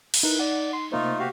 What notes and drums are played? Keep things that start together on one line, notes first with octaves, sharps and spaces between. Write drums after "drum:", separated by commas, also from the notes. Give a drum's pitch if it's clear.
drum: cymbal
D#4 E4 A#4 B4
D5 F#5
C6
C3 A3 A#3 D#4 F4 C5
F#4 G4 F5